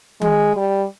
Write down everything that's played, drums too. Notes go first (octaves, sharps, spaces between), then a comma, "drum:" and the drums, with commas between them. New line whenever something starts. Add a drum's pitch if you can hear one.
G#3, drum: tom D#3
G3